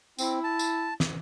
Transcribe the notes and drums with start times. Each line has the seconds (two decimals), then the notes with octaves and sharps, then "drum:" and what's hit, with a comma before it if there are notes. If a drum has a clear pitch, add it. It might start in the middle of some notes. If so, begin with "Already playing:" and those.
0.18 C4 E4, drum: tambourine
0.43 A5
0.59 drum: tambourine
1.00 drum: snare